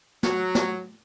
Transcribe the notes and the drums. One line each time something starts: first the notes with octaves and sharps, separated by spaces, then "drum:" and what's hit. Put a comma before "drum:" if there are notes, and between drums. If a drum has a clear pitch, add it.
F#3, drum: snare
drum: snare